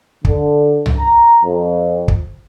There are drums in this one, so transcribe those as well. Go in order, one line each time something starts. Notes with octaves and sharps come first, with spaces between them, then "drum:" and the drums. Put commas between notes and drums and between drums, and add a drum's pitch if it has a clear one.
D3, drum: kick
drum: tom C2
A#5
F2
drum: kick